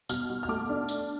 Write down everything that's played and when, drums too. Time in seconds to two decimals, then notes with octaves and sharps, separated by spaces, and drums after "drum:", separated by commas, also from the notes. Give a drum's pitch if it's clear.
0.09 B2 F6, drum: tambourine
0.30 B2
0.43 F6
0.49 A3 D6
0.69 D4
0.88 drum: tambourine